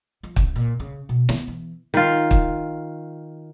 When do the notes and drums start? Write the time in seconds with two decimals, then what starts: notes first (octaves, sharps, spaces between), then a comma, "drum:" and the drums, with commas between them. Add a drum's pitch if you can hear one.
0.23 F3
0.36 C2, drum: kick
0.56 A#2
0.80 C#3
1.09 B2
1.29 B3, drum: snare
1.48 E3
1.94 D#3 F4
2.31 drum: kick